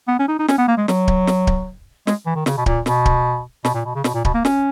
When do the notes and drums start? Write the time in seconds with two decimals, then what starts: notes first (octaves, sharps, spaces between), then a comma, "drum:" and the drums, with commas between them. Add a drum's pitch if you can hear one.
0.08 B3
0.19 C#4
0.28 D#4
0.39 D#4
0.48 C#4, drum: snare
0.58 B3
0.68 A#3
0.77 G#3
0.88 F#3, drum: snare
1.08 drum: kick D1
1.27 drum: snare
1.47 drum: kick D1
2.07 G#3, drum: snare
2.26 E3
2.36 D#3
2.46 C#3, drum: snare
2.57 B2
2.66 A#2, drum: kick D1
2.86 B2, drum: snare
3.06 drum: kick D1
3.65 B2, drum: snare
3.74 A#2
3.85 B2
3.95 C#3
4.04 B2, drum: snare
4.14 A#2
4.25 B2, drum: kick D1
4.34 A#3
4.45 C#4, drum: snare